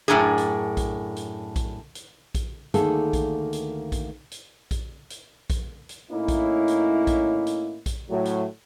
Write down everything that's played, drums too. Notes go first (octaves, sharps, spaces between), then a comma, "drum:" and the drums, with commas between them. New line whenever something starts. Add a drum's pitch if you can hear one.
F#2 A2 D#3 D4 G#4
drum: hi-hat
drum: kick A#1, hi-hat
drum: hi-hat
drum: kick A#1, hi-hat
drum: hi-hat
drum: kick A#1, hi-hat
D2 D#3 A#3 G#4 A4 F5, drum: hi-hat
drum: kick A#1, hi-hat
drum: hi-hat
drum: kick A#1, hi-hat
drum: hi-hat
drum: kick A#1, hi-hat
drum: hi-hat
drum: kick A#1, hi-hat
drum: hi-hat
A2 A#3 C#4 D#4 E4
drum: kick A#1, hi-hat
drum: hi-hat
drum: kick A#1, hi-hat
drum: hi-hat
drum: kick A#1, hi-hat
A2 F#3
drum: hi-hat